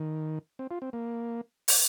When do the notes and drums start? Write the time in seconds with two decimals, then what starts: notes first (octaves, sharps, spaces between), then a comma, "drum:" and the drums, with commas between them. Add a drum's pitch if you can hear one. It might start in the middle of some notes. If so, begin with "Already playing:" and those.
Already playing: D#3
0.59 C4
0.71 F4
0.82 C4
0.93 A#3
1.68 drum: open hi-hat